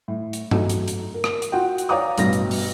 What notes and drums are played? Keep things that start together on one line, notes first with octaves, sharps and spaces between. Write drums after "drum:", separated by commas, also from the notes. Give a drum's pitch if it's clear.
A2
drum: hi-hat
F#3 A3 D#4, drum: tom G2
drum: hi-hat
drum: hi-hat
A#4
drum: rim click
drum: hi-hat
F4 F#4 F#5 G5
drum: hi-hat
C#5 D5 F5 A#5 D6 D#6
A1 G2 B2 A#6, drum: hi-hat
drum: hi-hat
drum: open hi-hat